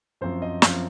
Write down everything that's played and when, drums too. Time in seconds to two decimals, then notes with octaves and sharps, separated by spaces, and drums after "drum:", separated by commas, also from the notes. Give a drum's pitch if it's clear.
0.21 F#2 F3 C4 C5
0.42 D#5
0.62 F#2 F3 C4 F5, drum: snare